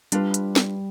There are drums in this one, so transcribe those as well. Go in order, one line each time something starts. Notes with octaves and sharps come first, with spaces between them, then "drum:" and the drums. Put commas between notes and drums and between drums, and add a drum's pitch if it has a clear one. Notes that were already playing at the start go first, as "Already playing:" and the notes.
G3 D4 F4 B4, drum: hi-hat
drum: hi-hat
drum: snare